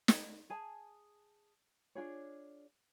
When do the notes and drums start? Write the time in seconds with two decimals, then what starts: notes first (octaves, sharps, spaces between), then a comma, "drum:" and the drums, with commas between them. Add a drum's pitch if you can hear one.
0.08 drum: snare
0.50 G#4 G#5 A5
1.95 D4 F4 G#4 C#5